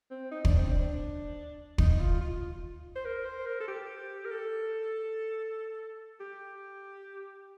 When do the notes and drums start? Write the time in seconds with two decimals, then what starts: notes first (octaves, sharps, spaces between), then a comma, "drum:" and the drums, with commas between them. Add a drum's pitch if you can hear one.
0.11 C4
0.31 D#4
0.45 D4, drum: kick
0.57 C4
0.71 D4
1.78 D#4, drum: kick
2.00 F4
2.21 F4
2.96 C5
3.05 A#4
3.25 C5
3.46 A#4
3.60 A4
3.68 G4
4.25 A#4
4.31 A4
6.20 G4